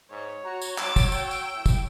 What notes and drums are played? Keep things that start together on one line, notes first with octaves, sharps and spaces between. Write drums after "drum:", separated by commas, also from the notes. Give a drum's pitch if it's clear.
G#2 C#5
F#4 A#5
drum: tambourine
F#3 D6 E6 A6, drum: clap
drum: kick, tambourine
F#3 G5, drum: tambourine
drum: tambourine
A2
drum: kick, tambourine